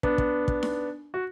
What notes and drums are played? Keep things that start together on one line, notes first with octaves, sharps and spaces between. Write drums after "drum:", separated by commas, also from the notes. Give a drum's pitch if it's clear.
B3 D4, drum: kick
drum: kick
drum: kick
drum: snare D#4
F#4